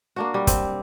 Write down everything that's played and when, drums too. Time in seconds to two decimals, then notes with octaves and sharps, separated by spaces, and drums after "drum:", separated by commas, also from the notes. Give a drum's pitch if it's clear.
0.16 A#3 D4 F#4
0.34 G3
0.47 C4, drum: kick, hi-hat